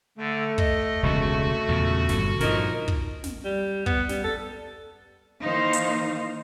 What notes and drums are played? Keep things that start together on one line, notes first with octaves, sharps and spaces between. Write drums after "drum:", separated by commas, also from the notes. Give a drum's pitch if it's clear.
D3 A3
D#5, drum: kick
E1 C#2 C3 F#4
E2 A#2 C#3
G1 D3, drum: snare
G2 A#2 F3 D#4 A#4, drum: snare
drum: kick
drum: snare
G3
B3, drum: kick
G3, drum: snare
A4
D#3 E3 A#3 D#4 C5 F5
drum: hi-hat